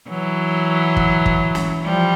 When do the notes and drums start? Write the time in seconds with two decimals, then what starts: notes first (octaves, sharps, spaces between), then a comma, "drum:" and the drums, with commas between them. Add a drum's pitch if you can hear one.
0.09 E3 F#3
0.97 drum: kick
1.26 drum: kick
1.55 drum: snare
1.84 F3 G3